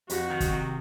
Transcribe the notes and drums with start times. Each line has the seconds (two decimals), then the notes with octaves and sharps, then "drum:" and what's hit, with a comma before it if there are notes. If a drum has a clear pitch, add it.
0.10 F2 F#4, drum: hi-hat
0.30 D#3
0.40 drum: kick, hi-hat
0.50 C3